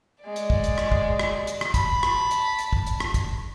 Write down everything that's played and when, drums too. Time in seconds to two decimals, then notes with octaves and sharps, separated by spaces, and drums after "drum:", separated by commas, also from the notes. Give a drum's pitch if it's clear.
0.22 G#3 D5
0.36 drum: hi-hat
0.50 drum: kick
0.64 drum: hi-hat
0.78 drum: rim click
0.92 drum: kick
1.19 drum: rim click
1.47 drum: hi-hat
1.61 drum: rim click
1.74 A5 B5, drum: kick, hi-hat
2.03 drum: rim click
2.31 drum: hi-hat
2.59 drum: hi-hat
2.73 drum: kick
2.86 drum: hi-hat
3.00 drum: rim click
3.14 drum: kick, hi-hat